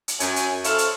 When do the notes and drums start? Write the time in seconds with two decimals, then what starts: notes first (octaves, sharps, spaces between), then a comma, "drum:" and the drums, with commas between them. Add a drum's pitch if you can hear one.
0.08 drum: hi-hat
0.20 F#2 G#5, drum: hi-hat
0.36 drum: hi-hat
0.64 A4 C5 C#5 E5 F5, drum: hi-hat
0.78 drum: hi-hat